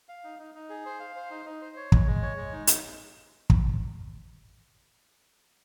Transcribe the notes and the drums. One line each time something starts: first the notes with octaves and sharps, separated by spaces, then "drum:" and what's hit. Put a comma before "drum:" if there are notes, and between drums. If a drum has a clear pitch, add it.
F5
D#4
D#4
D#4
G#4
C5
F5
C5
D#4
D#4
C5
C#5
G#3, drum: kick
G#3
C#5
G#3
D#4
D#4, drum: hi-hat
drum: kick